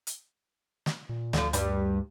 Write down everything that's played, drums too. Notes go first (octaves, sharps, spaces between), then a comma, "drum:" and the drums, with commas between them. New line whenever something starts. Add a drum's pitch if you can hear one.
drum: hi-hat
drum: snare
A#2
D2 D3 F3, drum: snare
G2 G3, drum: hi-hat